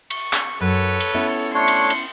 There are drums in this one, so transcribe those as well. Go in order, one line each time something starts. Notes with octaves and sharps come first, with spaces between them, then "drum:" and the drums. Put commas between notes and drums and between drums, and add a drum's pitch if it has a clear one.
C#6, drum: cymbal
drum: clap
F#2 A4 B4 C#5
drum: cymbal
B3 C#4 E4
A3 D4 C#5 C6 C#7
drum: cymbal
drum: cymbal